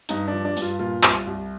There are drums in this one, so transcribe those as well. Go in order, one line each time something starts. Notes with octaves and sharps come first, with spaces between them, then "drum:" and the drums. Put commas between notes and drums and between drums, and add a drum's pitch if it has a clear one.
G2 D#4, drum: hi-hat
D4
F3
D4
G2, drum: open hi-hat
F4
A#2 F4
C2, drum: clap
C2